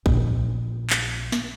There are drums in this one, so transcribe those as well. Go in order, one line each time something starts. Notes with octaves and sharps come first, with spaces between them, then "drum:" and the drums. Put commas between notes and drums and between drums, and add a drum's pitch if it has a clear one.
A#1, drum: kick A#1
drum: clap
drum: snare